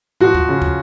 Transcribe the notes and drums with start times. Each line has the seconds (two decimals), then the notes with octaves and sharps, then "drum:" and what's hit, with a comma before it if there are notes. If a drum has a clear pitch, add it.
0.20 F3 F#4, drum: tom G#2
0.35 drum: kick
0.49 C#3
0.62 drum: kick